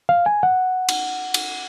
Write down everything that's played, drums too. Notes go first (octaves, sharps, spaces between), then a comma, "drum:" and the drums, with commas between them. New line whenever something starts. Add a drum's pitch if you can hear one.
F5
G#5
F#5
drum: cymbal
drum: cymbal